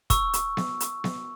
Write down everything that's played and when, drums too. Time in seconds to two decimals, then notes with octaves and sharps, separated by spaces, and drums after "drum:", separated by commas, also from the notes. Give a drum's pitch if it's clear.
0.10 C#6 E6, drum: kick, hi-hat
0.33 drum: hi-hat
0.57 drum: snare B3
0.80 drum: hi-hat
1.04 drum: snare B3